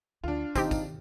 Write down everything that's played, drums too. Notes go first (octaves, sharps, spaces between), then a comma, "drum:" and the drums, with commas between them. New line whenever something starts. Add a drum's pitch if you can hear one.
D2 D4 F4
D#3 C4 D#4 G4, drum: kick, tambourine
drum: kick, tambourine